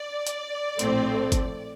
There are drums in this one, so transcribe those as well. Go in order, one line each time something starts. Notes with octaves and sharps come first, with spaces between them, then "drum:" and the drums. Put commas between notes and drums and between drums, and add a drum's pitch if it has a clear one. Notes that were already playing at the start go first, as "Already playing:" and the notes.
Already playing: D5
drum: hi-hat
A#1 A2 A3 C4, drum: hi-hat
drum: kick G1, hi-hat